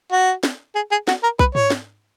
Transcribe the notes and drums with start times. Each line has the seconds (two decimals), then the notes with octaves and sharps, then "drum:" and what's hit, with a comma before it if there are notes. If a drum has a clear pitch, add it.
0.12 F#4
0.44 drum: snare
0.75 G#4
0.91 G#4
1.08 F#4, drum: snare
1.23 A#4
1.39 B4, drum: kick
1.55 C#5, drum: tom G#2
1.70 drum: snare